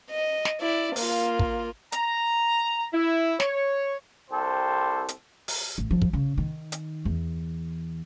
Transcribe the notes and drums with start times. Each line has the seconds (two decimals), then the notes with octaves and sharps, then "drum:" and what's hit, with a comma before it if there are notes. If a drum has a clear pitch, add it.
0.11 D#5
0.45 drum: snare
0.61 E4 D5
0.96 A#3 F4, drum: open hi-hat
1.39 drum: kick
1.92 A#5, drum: hi-hat
2.93 E4
3.40 C#5, drum: snare
4.30 C2 G4 A4 C5
5.09 drum: hi-hat
5.48 drum: open hi-hat
5.78 A1
5.91 F3
6.02 drum: kick
6.13 C#3
6.38 D#3
6.72 drum: hi-hat
7.05 E2